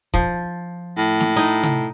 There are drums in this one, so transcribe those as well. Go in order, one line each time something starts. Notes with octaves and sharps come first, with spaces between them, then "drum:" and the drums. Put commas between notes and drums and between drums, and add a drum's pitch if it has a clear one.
F3, drum: kick
A2
drum: snare
D#4
drum: tom C3